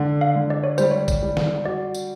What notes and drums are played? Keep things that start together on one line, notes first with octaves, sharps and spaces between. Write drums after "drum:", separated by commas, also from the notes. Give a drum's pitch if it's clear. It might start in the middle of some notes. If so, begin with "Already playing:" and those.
Already playing: D3
F5
D3
D5
C#5
G3 C5, drum: tambourine
C#5
drum: kick G#1, tambourine
G3
drum: snare
F#4 D5
drum: tambourine